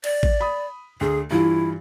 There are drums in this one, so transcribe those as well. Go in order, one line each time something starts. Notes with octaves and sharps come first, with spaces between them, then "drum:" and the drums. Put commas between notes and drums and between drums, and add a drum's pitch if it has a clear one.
D5, drum: cymbal
drum: kick A1
B5 D#6
D2 G#4
G2 E3 E4 F4